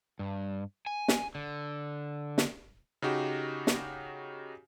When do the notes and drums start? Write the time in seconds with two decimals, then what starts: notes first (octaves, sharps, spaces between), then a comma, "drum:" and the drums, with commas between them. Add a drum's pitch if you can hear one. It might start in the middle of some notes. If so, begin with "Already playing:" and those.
0.19 G2
0.86 G#5
1.08 drum: snare
1.35 D3
2.38 drum: snare
3.02 C#3 D#4 F#4 G4
3.67 drum: snare